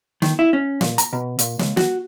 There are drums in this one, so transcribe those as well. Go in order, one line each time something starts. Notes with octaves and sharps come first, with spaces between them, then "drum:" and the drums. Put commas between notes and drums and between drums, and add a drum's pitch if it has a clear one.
D#3, drum: snare
E4
C#4
A#2, drum: snare
A#5, drum: hi-hat
B2
A#2, drum: hi-hat
C#2, drum: snare
F#4, drum: snare